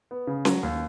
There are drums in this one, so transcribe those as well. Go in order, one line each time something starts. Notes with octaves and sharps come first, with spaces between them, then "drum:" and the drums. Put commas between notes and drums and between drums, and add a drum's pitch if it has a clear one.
B3
C#3
F#3, drum: snare C#4
D#2